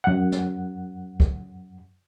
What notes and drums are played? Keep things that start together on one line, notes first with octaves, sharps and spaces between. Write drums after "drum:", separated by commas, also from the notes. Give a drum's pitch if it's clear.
F#2 F#5
drum: snare
drum: kick